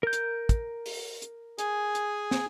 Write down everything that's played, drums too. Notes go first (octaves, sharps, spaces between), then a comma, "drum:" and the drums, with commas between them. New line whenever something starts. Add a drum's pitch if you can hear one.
A#4 G6
drum: hi-hat
drum: kick, hi-hat
drum: open hi-hat
drum: hi-hat
G#4 G#5, drum: hi-hat
drum: hi-hat
drum: snare